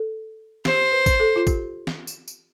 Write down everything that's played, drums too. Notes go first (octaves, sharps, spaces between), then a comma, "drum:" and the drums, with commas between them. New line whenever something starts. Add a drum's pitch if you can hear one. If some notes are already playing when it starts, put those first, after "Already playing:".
Already playing: A4
G4 C5, drum: snare
B4
drum: kick, tambourine
A4
F4
G4, drum: kick, tambourine
drum: snare
drum: tambourine
drum: tambourine